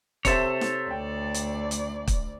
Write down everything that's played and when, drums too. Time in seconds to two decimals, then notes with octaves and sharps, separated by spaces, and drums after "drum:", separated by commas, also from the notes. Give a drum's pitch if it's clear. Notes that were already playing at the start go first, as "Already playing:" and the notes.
0.25 C3 A4 C5 C#5 E5, drum: kick, hi-hat
0.61 drum: snare
0.91 D2 D5 G5
1.34 drum: hi-hat
1.71 drum: hi-hat
2.08 drum: kick, hi-hat